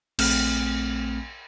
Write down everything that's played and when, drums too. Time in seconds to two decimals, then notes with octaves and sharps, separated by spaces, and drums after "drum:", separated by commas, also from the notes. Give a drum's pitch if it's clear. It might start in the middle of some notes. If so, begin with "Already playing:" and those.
0.19 A#1 A3 C4 F6, drum: cymbal